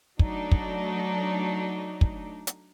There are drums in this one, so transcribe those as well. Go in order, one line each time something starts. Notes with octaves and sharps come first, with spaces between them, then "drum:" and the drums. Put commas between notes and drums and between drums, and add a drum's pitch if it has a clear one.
F#3 A3 D4 D#4, drum: kick
drum: kick
drum: kick
drum: hi-hat